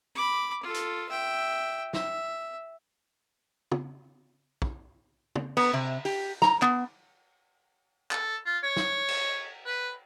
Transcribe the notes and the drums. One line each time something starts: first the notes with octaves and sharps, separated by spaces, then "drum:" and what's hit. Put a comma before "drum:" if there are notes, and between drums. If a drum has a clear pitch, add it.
B5 D6
F4 A4
drum: hi-hat
E5 G5
E5, drum: snare
drum: tom
drum: kick
drum: tom
B3, drum: cymbal
C3
G4, drum: open hi-hat
A#5, drum: snare
B3, drum: clap
A4, drum: clap
F4
C#5
drum: snare
drum: cymbal
B4